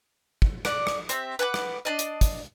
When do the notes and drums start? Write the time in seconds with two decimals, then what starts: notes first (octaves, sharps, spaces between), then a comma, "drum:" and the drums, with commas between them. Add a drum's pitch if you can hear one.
0.42 drum: kick
0.65 D5 F#5, drum: rim click
0.87 drum: rim click
1.09 C4 G4 E5, drum: hi-hat
1.39 B4 F#5 G#5 D6
1.54 drum: rim click
1.85 D4 D5 D#5
1.99 drum: hi-hat
2.21 drum: kick, hi-hat